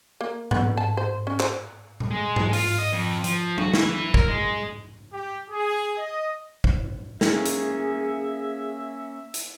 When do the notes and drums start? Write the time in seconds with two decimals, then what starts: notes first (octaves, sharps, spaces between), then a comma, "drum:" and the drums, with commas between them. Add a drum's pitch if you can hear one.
0.21 A#3
0.51 B3, drum: tom G#2
0.77 A5
0.97 C5
1.27 C#4
1.40 C5, drum: clap
2.00 drum: tom A#2
2.11 G#3
2.36 drum: tom G#2
2.53 F4, drum: open hi-hat
2.78 D#5
2.92 F2
3.24 F3, drum: hi-hat
3.58 F#4, drum: tom F#3
3.74 E3, drum: snare
3.88 E3
4.14 A#4, drum: kick
4.28 G#3
5.13 G4
5.50 G#4
5.98 D#5
6.64 drum: kick
7.21 A#3 C#4 G#4 E5, drum: snare
7.45 drum: hi-hat
9.34 drum: hi-hat